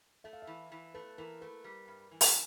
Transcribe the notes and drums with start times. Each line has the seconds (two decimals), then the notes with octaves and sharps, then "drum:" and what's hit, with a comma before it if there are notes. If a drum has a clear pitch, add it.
0.24 A3 E5
0.33 F5
0.42 E3 E5
0.72 E3
0.94 A3 B4
1.18 E3 A#4
1.41 A3 B4
1.64 G3
1.88 G2
2.11 E3
2.21 drum: open hi-hat